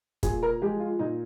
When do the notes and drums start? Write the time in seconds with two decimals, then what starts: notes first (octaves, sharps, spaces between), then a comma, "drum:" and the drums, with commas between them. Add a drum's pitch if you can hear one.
0.23 A#2 G#4, drum: kick, hi-hat
0.43 A#4
0.62 F3 G#3 G4
0.80 F4
0.99 A#2 D#4